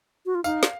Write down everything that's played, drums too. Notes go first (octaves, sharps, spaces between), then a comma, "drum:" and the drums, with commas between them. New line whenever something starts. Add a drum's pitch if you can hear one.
F#4
F4
D#4 F5, drum: tambourine
drum: snare